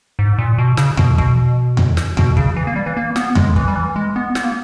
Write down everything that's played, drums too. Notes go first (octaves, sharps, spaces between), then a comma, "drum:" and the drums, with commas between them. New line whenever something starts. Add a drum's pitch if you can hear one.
G#2
A#2
B2
C#3, drum: snare
B2, drum: tom E2
B2, drum: kick
drum: tom E2
drum: snare
B2, drum: tom E2
C#3, drum: kick
E3
A#3
G3
E3
A#3
B3, drum: snare
G#3, drum: tom E2
E3, drum: kick
G3
E3
G#3
B3
B3, drum: snare
A#3